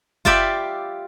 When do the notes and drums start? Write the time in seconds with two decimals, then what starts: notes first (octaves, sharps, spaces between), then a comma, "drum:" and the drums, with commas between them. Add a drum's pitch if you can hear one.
0.25 F4 G4 D5 E5 G5 B5, drum: kick F#1